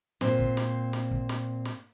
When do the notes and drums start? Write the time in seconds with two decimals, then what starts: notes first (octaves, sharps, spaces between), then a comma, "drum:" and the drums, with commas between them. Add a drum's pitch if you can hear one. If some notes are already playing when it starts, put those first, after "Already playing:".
0.21 A#2 C4, drum: snare
0.39 drum: kick
0.57 drum: snare
0.93 drum: snare
1.11 drum: kick
1.29 drum: snare
1.65 drum: snare